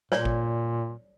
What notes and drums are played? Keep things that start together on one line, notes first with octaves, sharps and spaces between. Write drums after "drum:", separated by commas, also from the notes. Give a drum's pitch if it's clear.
A#2 C#5 D5, drum: snare
drum: kick G#1